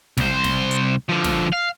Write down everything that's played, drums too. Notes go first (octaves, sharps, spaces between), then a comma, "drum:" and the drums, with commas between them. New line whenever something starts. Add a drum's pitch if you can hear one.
C2 C5, drum: snare
drum: snare
drum: hi-hat
D3 F3
drum: snare
F5